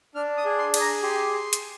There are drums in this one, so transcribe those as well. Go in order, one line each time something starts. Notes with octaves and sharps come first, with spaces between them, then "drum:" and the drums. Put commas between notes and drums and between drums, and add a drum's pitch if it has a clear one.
D4 F6
D#6
G#4
C6
G#4, drum: cymbal
A#5
G4 C6
drum: hi-hat